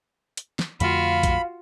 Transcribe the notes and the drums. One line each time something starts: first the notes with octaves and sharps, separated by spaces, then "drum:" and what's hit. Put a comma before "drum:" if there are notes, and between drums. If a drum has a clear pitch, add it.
drum: hi-hat
drum: snare
F2 D3 A3 F4 F#4 F5 B5, drum: hi-hat
drum: kick, hi-hat